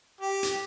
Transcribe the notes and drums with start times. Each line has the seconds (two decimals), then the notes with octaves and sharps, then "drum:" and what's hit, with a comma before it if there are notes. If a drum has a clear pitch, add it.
0.21 G4
0.43 drum: hi-hat